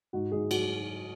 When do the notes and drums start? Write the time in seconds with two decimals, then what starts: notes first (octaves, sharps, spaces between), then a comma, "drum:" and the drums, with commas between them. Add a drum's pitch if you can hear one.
0.13 G#2 F#4
0.31 G#2 G#4
0.51 F#3 F#4, drum: cymbal